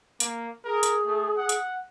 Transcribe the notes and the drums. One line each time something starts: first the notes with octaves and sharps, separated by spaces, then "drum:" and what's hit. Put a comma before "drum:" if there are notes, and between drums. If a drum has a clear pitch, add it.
A#3, drum: hi-hat
G#4 A#4
drum: hi-hat
A3
F#5
drum: hi-hat